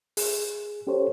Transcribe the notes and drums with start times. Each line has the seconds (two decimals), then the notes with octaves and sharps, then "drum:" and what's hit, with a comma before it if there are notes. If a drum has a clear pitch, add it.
0.17 G#4, drum: open hi-hat
0.87 C#4 G4 A4 C5 C#5